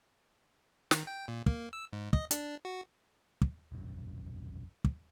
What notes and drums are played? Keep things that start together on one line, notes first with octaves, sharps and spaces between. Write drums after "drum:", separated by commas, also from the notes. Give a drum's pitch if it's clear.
D#3, drum: snare
G5
A#2
A#3, drum: kick
E6
G#2
D#5, drum: kick
D4, drum: hi-hat
F#4
drum: kick
E1 A#1 F#2
drum: kick